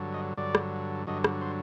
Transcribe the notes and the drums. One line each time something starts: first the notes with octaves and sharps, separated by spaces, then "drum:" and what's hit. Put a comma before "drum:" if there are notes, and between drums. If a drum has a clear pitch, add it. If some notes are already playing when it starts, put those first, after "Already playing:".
Already playing: G2 D3 F#3
D#5
G2 D3 F#3 D5
drum: rim click
G2 D3 F#3 D#5
drum: rim click
C5